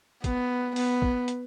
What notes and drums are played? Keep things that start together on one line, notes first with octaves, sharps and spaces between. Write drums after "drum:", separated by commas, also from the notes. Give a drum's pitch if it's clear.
B3, drum: kick, hi-hat
B3, drum: open hi-hat
drum: kick
drum: hi-hat